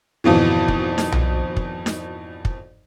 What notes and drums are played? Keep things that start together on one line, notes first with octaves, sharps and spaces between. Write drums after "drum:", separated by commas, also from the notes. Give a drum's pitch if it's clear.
G#1 F2 B2 E3
drum: kick
drum: snare D#4
drum: tom B1
drum: kick
drum: snare D#4
drum: kick